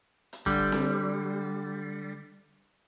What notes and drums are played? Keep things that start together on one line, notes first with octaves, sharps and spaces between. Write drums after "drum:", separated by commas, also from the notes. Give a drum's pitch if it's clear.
drum: hi-hat
D3 G3, drum: kick
drum: snare C4